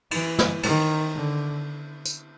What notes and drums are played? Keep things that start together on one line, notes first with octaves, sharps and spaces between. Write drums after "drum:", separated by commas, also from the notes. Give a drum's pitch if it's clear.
E3, drum: cymbal
drum: snare
D#3, drum: cymbal
D3
drum: tambourine